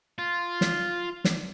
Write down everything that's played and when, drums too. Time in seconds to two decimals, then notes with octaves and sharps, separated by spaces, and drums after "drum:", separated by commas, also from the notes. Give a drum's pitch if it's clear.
0.19 F4
0.61 drum: snare
1.24 drum: snare